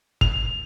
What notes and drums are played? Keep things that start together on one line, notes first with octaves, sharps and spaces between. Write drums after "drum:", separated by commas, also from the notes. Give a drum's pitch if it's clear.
F7, drum: kick